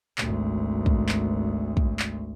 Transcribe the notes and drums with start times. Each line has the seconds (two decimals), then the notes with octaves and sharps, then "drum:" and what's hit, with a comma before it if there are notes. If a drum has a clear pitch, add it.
0.18 G#1 D2, drum: clap
0.86 drum: kick
1.09 drum: clap
1.77 drum: kick
1.99 drum: clap